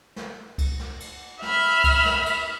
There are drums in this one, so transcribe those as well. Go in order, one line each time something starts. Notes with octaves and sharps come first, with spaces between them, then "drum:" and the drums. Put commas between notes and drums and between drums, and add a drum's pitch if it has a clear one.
drum: snare
drum: kick, cymbal
drum: snare
drum: cymbal
E5 B5 F6, drum: snare
drum: kick, cymbal
drum: snare
drum: cymbal